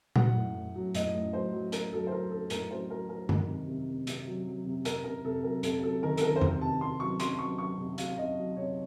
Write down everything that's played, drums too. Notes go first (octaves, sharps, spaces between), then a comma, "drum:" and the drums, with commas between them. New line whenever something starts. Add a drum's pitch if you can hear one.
F#3 F#5, drum: tom A#2
A2
A2
F#3
A2 D#5, drum: hi-hat
A2
F#3 C5
F#3
F#3 A#4, drum: hi-hat
F#3 A4
C5
F#3 A#4
F#3 A4
A2 A#4, drum: hi-hat
F#3 C5
F#3 A#4
F#3 A#4
D#3, drum: tom G2
C3
C3
C3
C3, drum: hi-hat
F#3
F#3
C3
C3 A#4, drum: hi-hat
C3 A#4
C3 A4
F#3 A#4
C3 A4, drum: hi-hat
F#3 A4
D#3 A#4
A4, drum: hi-hat
D#3 A#4
C5
C3 A#4, drum: tom E2
C3 A5
C3 C6
F#3 C#6
F#3 C6, drum: hi-hat
F#3 C#6
F#3 C#6
C3
F#3 F5, drum: hi-hat
C3 D#5
F#3
C3 C#5